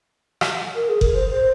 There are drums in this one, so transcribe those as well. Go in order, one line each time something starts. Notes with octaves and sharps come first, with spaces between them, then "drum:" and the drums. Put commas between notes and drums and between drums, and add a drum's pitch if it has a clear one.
drum: rim click
A#4
G#4
A#4, drum: kick F#1
C5
C5